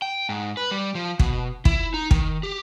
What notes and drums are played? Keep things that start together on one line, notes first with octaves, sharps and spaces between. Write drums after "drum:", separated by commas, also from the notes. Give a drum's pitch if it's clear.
G5
G#2
B4
G3
F3
B2, drum: kick
E4, drum: kick
D#4
D#3, drum: kick
G4